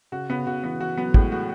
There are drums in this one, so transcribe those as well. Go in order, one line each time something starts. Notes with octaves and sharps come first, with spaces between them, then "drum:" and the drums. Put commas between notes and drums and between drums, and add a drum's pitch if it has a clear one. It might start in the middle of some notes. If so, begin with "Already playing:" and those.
C#3 F#4
C#3 B3
C#3 F#4
E3 B3
E3 F#4
F#3 B3
A2 G#3, drum: kick
A3 F#4